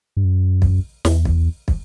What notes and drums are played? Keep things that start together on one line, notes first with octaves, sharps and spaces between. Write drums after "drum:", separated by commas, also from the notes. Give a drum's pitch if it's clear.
G2
F#2
drum: kick
E2, drum: snare
drum: kick
drum: kick